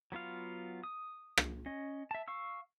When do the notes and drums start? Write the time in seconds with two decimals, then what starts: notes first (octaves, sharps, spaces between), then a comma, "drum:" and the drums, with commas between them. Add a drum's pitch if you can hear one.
0.12 F#3 B3 F4 F5
0.84 D#6
1.37 drum: rim click
1.66 C#4 D#5
2.11 E5 A5
2.28 F5 C#6 E6